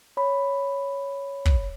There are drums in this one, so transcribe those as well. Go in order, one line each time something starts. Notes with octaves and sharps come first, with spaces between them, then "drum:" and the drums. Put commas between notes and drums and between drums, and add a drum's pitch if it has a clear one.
C#5 B5
drum: kick